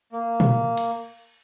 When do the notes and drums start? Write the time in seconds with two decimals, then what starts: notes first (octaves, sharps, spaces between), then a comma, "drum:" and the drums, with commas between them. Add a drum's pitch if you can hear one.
0.12 A#3
0.40 drum: tom
0.77 drum: cymbal